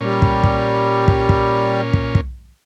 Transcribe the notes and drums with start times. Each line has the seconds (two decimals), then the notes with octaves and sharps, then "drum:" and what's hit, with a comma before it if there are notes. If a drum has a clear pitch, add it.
0.01 A#2 G3 C#4
0.22 drum: kick
0.44 drum: kick
1.08 drum: kick
1.29 drum: kick
1.93 drum: kick
2.15 drum: kick